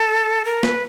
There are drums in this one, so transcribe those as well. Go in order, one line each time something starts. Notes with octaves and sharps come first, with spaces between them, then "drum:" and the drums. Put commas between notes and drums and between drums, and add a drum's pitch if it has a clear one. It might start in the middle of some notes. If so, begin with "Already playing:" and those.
Already playing: A4
A#4
B4, drum: snare